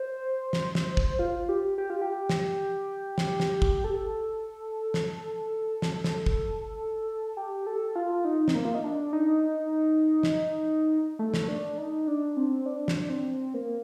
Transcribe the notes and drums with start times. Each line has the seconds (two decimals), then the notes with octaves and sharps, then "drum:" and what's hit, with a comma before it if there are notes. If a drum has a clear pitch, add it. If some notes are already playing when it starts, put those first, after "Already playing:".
Already playing: C5
0.53 drum: snare
0.75 drum: snare
0.97 drum: kick
1.19 F4
1.49 G4
1.78 G4
1.90 F4
2.01 G4
2.29 drum: snare
3.18 drum: snare
3.40 drum: snare
3.62 drum: kick
3.84 A4
4.94 drum: snare
5.82 drum: snare
6.04 drum: snare
6.26 drum: kick
7.37 G4
7.66 A4
7.95 F4
8.25 D#4
8.48 C4, drum: snare
8.55 A#3
8.65 F4
8.75 D#4
8.84 D4
9.13 D#4
10.23 drum: snare
11.19 A3
11.34 drum: snare
11.48 D4
11.78 D#4
12.07 D4
12.37 C4
12.66 D4
12.88 drum: snare
13.09 C4
13.54 A#3